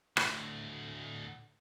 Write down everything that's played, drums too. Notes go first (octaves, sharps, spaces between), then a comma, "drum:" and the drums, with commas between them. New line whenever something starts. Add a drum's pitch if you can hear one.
D2 A2, drum: rim click